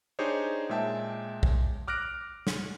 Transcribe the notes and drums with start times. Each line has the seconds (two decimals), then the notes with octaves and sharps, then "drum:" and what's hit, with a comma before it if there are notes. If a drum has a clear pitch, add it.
0.19 D4 D#4 G4 G#4 C5 C#5
0.69 A#2 G#3 E5 G5 A5
1.43 drum: kick B1
1.88 D6 F6 F#6 A#6 D7
2.47 drum: snare